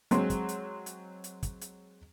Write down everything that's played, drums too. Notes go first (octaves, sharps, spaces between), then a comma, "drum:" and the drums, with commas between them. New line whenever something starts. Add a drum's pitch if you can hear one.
F#3 G#3 C4 C6, drum: hi-hat
drum: kick, hi-hat
drum: hi-hat
drum: hi-hat
drum: hi-hat
drum: kick, hi-hat
drum: hi-hat